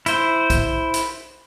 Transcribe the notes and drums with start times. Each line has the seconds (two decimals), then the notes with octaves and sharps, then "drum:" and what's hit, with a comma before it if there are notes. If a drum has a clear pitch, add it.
0.06 E4 C5, drum: hi-hat
0.50 drum: kick A#1, hi-hat
0.94 drum: hi-hat